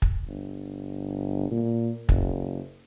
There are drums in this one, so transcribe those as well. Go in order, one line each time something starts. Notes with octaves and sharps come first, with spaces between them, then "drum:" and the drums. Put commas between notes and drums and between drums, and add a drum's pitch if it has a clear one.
drum: kick
G1
A#2
F#1, drum: kick